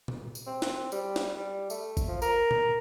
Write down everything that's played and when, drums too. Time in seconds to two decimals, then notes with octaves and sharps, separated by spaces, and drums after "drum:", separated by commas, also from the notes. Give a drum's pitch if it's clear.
0.08 drum: tom A#2
0.35 drum: tambourine
0.47 C4
0.62 drum: snare
0.92 G3, drum: tambourine
1.16 drum: snare
1.35 G3
1.70 A3, drum: tambourine
1.97 drum: kick G#1, tambourine
2.08 F3
2.22 A#4, drum: tambourine
2.51 drum: tom A#2